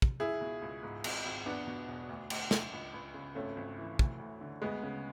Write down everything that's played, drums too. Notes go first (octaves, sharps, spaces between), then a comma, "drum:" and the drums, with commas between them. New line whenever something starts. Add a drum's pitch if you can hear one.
drum: kick
C#2 E4 G#4
B2
C#2
G#2
G#1, drum: cymbal
G#1
E2 B3 D4
B2
E1
D2
D2, drum: cymbal
D2, drum: snare
C#2
C#2
C#3
G#1 A3 C#4
G#1
E3
D2, drum: kick
D2
D3
D2 G#3 B3
C#3